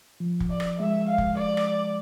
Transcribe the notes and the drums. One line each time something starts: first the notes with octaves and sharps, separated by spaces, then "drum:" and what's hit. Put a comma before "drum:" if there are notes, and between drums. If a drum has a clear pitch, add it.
F3
drum: kick
D5
drum: rim click
G#3 E5
F5
drum: kick
D5
drum: rim click